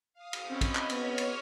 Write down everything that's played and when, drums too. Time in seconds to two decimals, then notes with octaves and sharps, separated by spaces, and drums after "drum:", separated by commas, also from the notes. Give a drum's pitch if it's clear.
0.14 F5 D#6
0.33 drum: cymbal
0.47 C4 C#4 D#5 B5
0.61 drum: kick, cymbal
0.75 drum: clap
0.89 B3 C#5 F6, drum: cymbal
1.18 drum: cymbal